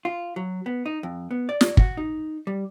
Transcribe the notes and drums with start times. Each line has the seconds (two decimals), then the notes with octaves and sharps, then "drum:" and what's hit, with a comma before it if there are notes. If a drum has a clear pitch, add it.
0.05 F4
0.36 F#3
0.66 B3
0.86 D#4
1.03 F2
1.31 B3
1.49 D5
1.61 drum: snare
1.77 F#4, drum: kick
1.97 D#4
2.47 G3